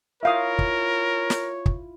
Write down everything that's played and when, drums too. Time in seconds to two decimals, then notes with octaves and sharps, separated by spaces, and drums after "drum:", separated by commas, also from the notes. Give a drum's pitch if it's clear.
0.23 E4 F4 A#4 C#5 E5 F5 D#6
0.59 drum: kick
1.30 drum: snare
1.66 drum: kick